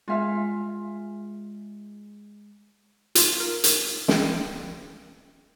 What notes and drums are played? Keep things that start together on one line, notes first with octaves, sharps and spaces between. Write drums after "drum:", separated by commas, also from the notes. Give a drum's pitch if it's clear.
G#3 F4 E5 F5 G#5 F6
F4, drum: hi-hat
A#4
drum: hi-hat
G5, drum: snare